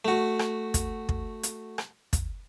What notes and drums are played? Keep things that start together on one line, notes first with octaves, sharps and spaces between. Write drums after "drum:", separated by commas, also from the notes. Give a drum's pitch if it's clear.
A3 F#4
drum: rim click
drum: kick, hi-hat
drum: kick
drum: hi-hat
drum: rim click
drum: kick, hi-hat